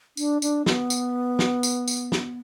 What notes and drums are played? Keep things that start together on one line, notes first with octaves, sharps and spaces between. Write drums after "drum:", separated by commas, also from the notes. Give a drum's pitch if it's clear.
D4, drum: tambourine
D4, drum: tambourine
B3, drum: snare
drum: tambourine
drum: snare
drum: tambourine
drum: tambourine
drum: snare